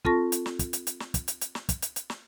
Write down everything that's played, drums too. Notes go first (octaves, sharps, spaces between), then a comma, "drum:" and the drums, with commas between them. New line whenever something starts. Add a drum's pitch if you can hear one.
C4 F4 A4 A5 C#6 A#6, drum: kick
drum: hi-hat
drum: snare
drum: kick, hi-hat
drum: hi-hat
drum: hi-hat
drum: snare
drum: kick, hi-hat
drum: hi-hat
drum: hi-hat
drum: snare
drum: kick, hi-hat
drum: hi-hat
drum: hi-hat
drum: snare